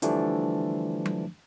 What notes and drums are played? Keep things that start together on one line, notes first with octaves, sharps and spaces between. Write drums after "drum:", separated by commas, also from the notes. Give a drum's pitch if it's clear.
D3 E3 F3 G3 A3 D4, drum: hi-hat
drum: tom F#3